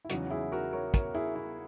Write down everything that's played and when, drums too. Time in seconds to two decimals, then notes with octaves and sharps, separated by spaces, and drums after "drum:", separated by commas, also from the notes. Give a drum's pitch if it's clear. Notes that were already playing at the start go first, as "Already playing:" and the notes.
0.05 E4
0.09 E2 C#3 F#3 D#4 F#4, drum: hi-hat
0.30 E4 G#4
0.52 F#4 A#4
0.73 A#4 C#5
0.94 A#4 C#5, drum: kick, hi-hat
1.15 E4 G#4
1.36 E4